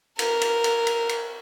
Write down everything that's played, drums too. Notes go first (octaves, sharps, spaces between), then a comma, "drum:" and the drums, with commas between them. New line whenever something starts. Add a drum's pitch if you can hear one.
A#4, drum: cymbal
drum: cymbal
drum: cymbal
drum: cymbal
drum: cymbal